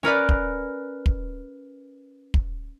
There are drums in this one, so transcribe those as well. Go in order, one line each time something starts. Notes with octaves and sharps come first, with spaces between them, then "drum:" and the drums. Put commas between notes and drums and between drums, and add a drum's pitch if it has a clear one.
C#4 A#4 B4 D5
drum: kick
drum: kick
drum: kick